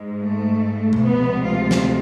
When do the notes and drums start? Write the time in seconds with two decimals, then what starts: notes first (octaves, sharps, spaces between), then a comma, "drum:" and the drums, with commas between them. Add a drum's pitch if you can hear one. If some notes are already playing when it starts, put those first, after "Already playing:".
Already playing: G#2 G#3
0.22 A3
0.93 drum: tom B2
1.03 D2 C3 F3 G#3 B3
1.45 F4
1.71 drum: snare